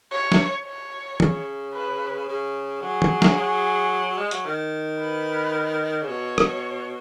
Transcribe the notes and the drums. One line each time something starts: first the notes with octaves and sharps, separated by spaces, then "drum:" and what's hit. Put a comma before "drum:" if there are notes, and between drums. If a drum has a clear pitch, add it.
C#5
drum: snare
C#5
C#3, drum: tom
B4
C#3
F#3 G#4
drum: tom
drum: snare
F#3
G#3
F#3, drum: hi-hat
D#3
B4
C#3
B2 C#5
drum: rim click